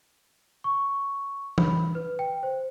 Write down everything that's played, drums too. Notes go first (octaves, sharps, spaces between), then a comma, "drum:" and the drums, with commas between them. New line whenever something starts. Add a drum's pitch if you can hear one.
C#6
B5, drum: tom E3
B4
G5
C5